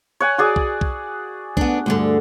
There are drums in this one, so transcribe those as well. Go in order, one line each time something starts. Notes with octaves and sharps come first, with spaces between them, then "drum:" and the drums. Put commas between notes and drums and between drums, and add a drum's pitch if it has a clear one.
C#5 F#5 G#5
F#4 G#4 D5
drum: kick B1
drum: kick B1
B3 D4, drum: kick B1
D2 G2 D3